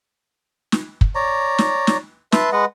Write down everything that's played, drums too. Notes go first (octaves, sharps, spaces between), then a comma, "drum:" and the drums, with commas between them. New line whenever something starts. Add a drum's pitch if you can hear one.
drum: snare
drum: kick
C#5 D5 A#5
drum: snare
drum: snare
B4 E5 A5 C6, drum: snare
G#3 B4 D#5 F#5